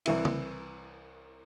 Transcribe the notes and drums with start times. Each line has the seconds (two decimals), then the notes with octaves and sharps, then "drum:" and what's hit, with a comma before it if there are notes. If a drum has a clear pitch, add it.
0.06 C2 E3 E4, drum: cymbal
0.25 drum: tom C#3